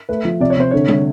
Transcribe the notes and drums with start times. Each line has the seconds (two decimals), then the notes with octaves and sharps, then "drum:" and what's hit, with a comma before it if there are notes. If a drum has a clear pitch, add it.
0.09 A3 B4
0.25 F3
0.40 C3 D5
0.50 C#5
0.57 C3 C5
0.71 D3 C#5
0.88 D3, drum: tom G3